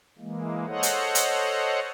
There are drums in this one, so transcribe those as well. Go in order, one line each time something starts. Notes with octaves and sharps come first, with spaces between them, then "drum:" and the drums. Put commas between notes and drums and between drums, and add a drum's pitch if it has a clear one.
E3 G#3 A#3
A4 C5 C#5 D#5 F#5
drum: hi-hat
drum: hi-hat